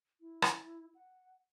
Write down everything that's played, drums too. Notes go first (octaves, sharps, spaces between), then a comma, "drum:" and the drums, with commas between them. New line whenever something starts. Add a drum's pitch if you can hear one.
E4
drum: rim click
F#5